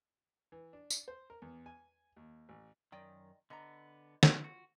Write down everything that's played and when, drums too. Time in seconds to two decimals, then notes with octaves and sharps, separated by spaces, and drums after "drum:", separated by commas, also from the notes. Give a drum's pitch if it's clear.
0.52 E3
0.73 D4
0.90 drum: tambourine
1.08 C5
1.30 A#4
1.42 E2
1.66 G#5
2.16 D#2
2.49 A1
2.92 F#2 D#3 D5 D#5 G5
3.50 D3 B3 D#5 A#5
4.23 drum: snare
4.44 F4 F#4